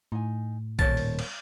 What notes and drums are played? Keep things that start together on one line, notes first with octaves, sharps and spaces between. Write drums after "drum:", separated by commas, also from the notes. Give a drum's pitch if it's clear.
A2 D#4 G#5
D#1 A#4 C5 C#5 A5, drum: kick A#1
drum: open hi-hat
drum: cymbal